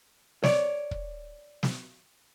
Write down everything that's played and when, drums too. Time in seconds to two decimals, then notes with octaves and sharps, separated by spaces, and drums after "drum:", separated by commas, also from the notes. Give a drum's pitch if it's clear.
0.44 C#5 D5, drum: snare
0.91 drum: kick
1.63 drum: snare